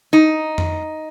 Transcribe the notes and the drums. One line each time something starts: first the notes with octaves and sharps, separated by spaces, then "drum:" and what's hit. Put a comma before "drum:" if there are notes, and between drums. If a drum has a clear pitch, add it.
D#4
drum: tom F2